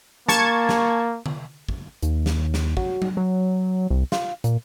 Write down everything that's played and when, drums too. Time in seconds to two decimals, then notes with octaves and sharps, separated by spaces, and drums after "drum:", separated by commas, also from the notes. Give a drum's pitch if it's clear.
0.28 A#3 A5 C#6 G#6, drum: snare
0.69 drum: snare
1.26 drum: tom D3
1.69 drum: kick
2.02 D#2, drum: hi-hat
2.26 drum: snare
2.54 drum: snare
2.77 F#3, drum: kick
3.02 drum: tom F#3
3.17 F#3
3.90 C2
4.12 F4, drum: snare
4.44 A#2, drum: hi-hat